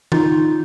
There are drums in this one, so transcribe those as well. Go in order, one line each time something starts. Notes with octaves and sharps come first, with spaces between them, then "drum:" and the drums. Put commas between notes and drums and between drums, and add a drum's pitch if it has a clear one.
D#4 F4, drum: tom D#3